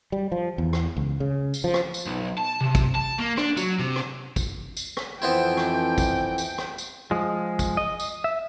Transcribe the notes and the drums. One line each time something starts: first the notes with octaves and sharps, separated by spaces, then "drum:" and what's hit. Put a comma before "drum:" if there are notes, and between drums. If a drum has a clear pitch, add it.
G3
F3
E2
drum: rim click
C#2
C#3
drum: tambourine
F3
drum: rim click
drum: tambourine
B1
A5
C3
drum: kick, tambourine
A5
A#3
D4, drum: rim click
F#3, drum: tambourine
C3
drum: rim click
drum: kick, tambourine
drum: tambourine
drum: rim click
F2 E3 F3 B3 C4 E4 G5
drum: rim click
drum: kick, tambourine
drum: tambourine
drum: rim click
drum: tambourine
F3 G#3
drum: kick, tambourine
D#5
drum: tambourine
E5